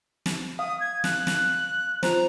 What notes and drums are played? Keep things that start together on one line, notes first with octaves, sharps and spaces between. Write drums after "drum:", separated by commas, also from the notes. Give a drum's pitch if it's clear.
drum: snare
F5 D#6
G#6
F#6, drum: snare
drum: snare
F4 C5 A#5, drum: snare